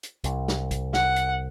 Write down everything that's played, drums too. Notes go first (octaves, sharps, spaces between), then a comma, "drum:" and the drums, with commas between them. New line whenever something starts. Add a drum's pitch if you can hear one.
drum: hi-hat
C2, drum: hi-hat
drum: snare
drum: kick, hi-hat
F#5, drum: snare
drum: hi-hat